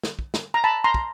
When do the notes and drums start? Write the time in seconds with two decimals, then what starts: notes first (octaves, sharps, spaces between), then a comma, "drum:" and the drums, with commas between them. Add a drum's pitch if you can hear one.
0.04 drum: snare
0.19 drum: kick
0.34 drum: snare
0.54 A#5
0.64 A5 B5
0.84 A#5 C6
0.94 drum: kick